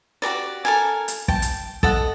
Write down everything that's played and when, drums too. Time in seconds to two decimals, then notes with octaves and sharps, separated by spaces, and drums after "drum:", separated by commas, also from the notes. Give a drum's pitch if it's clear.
0.22 F#4 G4 A#4 D5
0.65 A4 A#4 G#5
1.08 drum: hi-hat
1.28 G5 A5, drum: kick
1.42 drum: hi-hat
1.83 A4 D#5 F#5, drum: kick